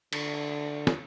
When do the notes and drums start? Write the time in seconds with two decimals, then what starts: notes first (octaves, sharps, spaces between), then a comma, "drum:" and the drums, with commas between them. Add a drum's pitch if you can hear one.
0.13 D3, drum: cymbal
0.87 drum: snare